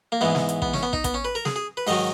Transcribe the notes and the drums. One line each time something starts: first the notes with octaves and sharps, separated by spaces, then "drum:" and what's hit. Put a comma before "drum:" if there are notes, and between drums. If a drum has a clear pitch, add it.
A#3
G#2 E3 G#3 B3
drum: snare
drum: hi-hat
B3, drum: kick
C#4, drum: snare
B3
D#4, drum: kick
B3, drum: kick, hi-hat
C#4
B4
A#4
G#4, drum: snare
G#4
B4
G#2 D#3 F#3 D#5, drum: open hi-hat